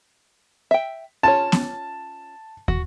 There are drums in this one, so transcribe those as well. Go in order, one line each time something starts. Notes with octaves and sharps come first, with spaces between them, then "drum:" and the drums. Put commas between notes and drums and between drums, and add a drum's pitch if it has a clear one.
E5 G5
C#4 F4 C#5 A5
drum: snare B3
F#4, drum: kick